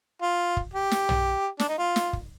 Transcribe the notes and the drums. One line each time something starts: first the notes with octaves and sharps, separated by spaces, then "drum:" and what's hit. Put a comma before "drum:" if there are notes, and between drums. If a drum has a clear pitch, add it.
F4
drum: kick
G4
drum: snare
drum: tom
D4, drum: snare
D#4
F4
drum: snare
drum: kick